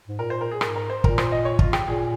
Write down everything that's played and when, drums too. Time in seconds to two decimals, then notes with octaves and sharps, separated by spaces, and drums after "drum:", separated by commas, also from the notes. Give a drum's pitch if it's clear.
0.08 G#2
0.19 A#2 A#4
0.30 C5
0.41 A#4
0.51 G#4
0.61 G#2 A#4, drum: rim click
0.76 A#4
0.90 C5
1.04 A#2 A#4, drum: kick
1.18 C5, drum: rim click
1.32 D#5
1.45 C#5
1.59 F4, drum: kick
1.73 G4, drum: rim click
1.87 A#2 G#4